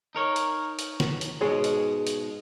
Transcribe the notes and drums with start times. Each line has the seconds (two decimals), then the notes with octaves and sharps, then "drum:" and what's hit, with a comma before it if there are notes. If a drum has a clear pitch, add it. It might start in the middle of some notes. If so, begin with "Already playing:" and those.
0.15 D#4 A#4 C#5
0.36 drum: hi-hat
0.79 drum: hi-hat
1.00 drum: snare
1.21 drum: hi-hat
1.41 G#2 B2 G#3 G#4 C#5
1.64 drum: hi-hat
2.07 drum: hi-hat